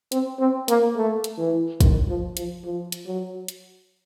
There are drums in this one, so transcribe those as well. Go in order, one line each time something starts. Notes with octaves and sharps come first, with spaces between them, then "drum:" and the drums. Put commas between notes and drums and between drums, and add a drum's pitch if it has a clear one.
C4, drum: hi-hat
C4
A#3, drum: hi-hat
A3
drum: hi-hat
E3
D#3, drum: kick, hi-hat
F3
F3, drum: hi-hat
F3
drum: hi-hat
F#3
drum: hi-hat